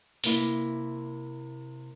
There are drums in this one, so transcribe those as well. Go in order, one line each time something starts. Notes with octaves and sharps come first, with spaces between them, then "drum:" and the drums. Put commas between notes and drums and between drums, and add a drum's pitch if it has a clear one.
C3 A#3 E4, drum: open hi-hat